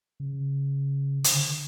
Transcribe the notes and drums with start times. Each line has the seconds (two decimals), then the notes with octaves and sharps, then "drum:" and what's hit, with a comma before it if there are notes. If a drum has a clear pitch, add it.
0.20 C#3
1.24 C#3, drum: hi-hat
1.31 D3